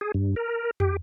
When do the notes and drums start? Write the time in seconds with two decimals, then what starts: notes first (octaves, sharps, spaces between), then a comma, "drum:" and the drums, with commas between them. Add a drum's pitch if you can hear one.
0.01 G#4
0.14 G2
0.36 A#4
0.80 G4, drum: tom